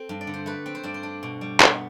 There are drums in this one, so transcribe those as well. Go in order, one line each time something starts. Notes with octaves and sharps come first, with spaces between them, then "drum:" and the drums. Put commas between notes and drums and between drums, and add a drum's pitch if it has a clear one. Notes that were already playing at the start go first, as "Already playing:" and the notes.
Already playing: C4 A4
G2
D5
D3
C5
A3 B4
C4
C5
G2 D5
C5
D4
B2
G3
B3, drum: clap